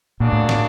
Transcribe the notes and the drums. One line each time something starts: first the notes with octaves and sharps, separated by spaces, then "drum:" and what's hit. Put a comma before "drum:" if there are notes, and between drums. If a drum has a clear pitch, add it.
A#2 C#3 F#3 A#3 D4
A2
drum: snare